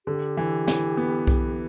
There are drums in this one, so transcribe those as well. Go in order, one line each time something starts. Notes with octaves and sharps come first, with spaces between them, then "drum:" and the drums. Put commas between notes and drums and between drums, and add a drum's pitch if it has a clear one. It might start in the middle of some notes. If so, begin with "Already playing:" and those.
D3 G4
E3
E3, drum: snare
B3
drum: kick B1